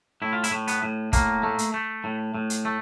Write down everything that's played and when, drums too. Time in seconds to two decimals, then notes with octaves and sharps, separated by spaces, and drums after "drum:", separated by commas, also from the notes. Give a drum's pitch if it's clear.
0.22 A2 E4
0.33 F4
0.44 E4, drum: hi-hat
0.52 A2
0.68 B3, drum: hi-hat
0.83 A2
1.13 A2 A#3, drum: kick, hi-hat
1.43 A3
1.59 drum: hi-hat
1.74 A3
2.04 A2
2.35 A2
2.50 drum: hi-hat
2.65 A3